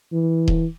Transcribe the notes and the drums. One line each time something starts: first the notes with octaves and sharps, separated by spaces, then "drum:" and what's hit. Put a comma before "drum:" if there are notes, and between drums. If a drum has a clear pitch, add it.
E3
drum: kick D#1